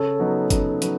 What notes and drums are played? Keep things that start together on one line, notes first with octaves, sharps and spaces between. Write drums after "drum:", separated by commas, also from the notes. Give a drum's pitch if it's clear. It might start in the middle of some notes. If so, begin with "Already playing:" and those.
Already playing: C#3 A4 C#5
F#3 B3 D#4
C#3, drum: kick, hi-hat
F#3 B3, drum: hi-hat